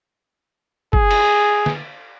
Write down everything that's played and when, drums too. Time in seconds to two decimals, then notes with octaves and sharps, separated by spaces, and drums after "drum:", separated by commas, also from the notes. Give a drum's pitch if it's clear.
0.93 G#4, drum: kick
1.11 drum: cymbal
1.66 drum: snare